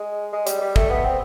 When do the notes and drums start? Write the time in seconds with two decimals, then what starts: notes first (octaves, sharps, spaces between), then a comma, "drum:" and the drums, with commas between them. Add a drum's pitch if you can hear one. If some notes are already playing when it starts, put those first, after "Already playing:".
Already playing: G#3
0.32 G#3
0.47 G3, drum: hi-hat
0.61 G3
0.76 A3, drum: kick
0.90 B3
1.04 C4